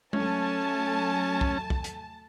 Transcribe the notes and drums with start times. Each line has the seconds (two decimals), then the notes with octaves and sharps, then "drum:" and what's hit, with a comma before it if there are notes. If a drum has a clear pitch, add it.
0.13 F#3 A3 C#4 G#5 A5, drum: tom G#3
1.41 drum: kick
1.70 drum: kick
1.84 drum: hi-hat